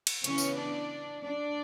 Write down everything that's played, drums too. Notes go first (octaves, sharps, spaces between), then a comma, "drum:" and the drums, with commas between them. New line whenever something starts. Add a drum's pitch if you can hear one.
drum: cymbal
C#3 E3 B3 C#4 C#5, drum: hi-hat
drum: tambourine
D4 D5
D4 D5